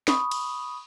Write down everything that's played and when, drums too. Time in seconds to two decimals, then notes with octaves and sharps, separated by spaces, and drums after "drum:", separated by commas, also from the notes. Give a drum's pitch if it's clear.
0.08 B5 C#6 D#6, drum: snare
0.31 drum: cymbal